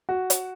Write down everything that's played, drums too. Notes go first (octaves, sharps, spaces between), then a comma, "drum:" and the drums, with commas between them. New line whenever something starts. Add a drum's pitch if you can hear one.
F#4
drum: hi-hat